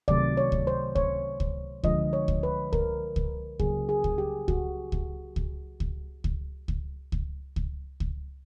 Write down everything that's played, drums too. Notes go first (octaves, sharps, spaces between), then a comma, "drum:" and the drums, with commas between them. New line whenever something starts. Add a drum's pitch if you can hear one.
C3 D#3 F#3 A3 D5, drum: kick C#2
C#5
drum: kick C#2
C5
C#5, drum: kick C#2
drum: kick C#2
D3 F3 G#3 D#5, drum: kick C#2
C#5
drum: kick C#2
B4
A#4, drum: kick C#2
drum: kick C#2
C#3 F#3 A#3 G#4, drum: kick C#2
G#4
drum: kick C#2
G4
F#4, drum: kick C#2
drum: kick C#2
drum: kick C#2
drum: kick C#2
drum: kick C#2
drum: kick C#2
drum: kick C#2
drum: kick C#2
drum: kick C#2